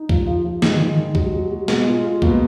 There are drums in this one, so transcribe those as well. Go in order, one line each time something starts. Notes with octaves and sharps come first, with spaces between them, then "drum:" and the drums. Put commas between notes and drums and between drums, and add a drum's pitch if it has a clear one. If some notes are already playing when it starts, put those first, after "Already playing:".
Already playing: D#4
F3, drum: kick
F3
F3
D#3 G#3, drum: snare
D#3
D#3
F#3, drum: kick
F#3
F#3
B2 G#3, drum: snare
F4
F4
B2 A#3, drum: kick